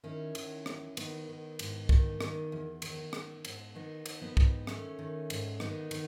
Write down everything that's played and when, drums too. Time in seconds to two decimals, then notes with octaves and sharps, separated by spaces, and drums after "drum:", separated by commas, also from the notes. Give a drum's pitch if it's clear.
0.04 D#3 C#4 E4
0.35 D#3, drum: cymbal
0.66 E2, drum: rim click
0.97 D#3 B3 D#4, drum: cymbal
1.29 D#3
1.59 G#2, drum: cymbal
1.89 D#3, drum: kick
2.21 D#3, drum: rim click
2.52 E2
2.82 D#3, drum: cymbal
3.13 D#3, drum: rim click
3.45 G#2, drum: cymbal
3.75 D#3 B3 D#4
4.06 D#3, drum: cymbal
4.21 B3 D#4
4.37 G#2, drum: kick
4.67 D#3 A3 C#4, drum: rim click
4.99 D#3
5.30 G#2, drum: cymbal
5.60 D#3 B3 D#4, drum: rim click
5.91 D#3, drum: cymbal